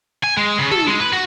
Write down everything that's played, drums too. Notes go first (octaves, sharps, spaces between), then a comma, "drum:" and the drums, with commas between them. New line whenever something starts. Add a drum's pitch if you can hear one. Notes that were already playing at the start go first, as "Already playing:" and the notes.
G#5
G#3
C#3
A4, drum: tom
G#3
B4
F#4